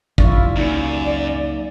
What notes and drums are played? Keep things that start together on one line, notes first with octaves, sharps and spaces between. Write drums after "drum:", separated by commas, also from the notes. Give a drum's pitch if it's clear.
C#2 F#3 E4 F4 D5 C#6, drum: kick
F#2 A#3 C#4 D#4 D5